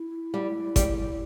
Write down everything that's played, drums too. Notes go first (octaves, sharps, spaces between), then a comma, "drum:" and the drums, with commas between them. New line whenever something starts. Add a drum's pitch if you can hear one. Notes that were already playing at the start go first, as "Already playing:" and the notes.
Already playing: E4
G3
G3, drum: kick G1, hi-hat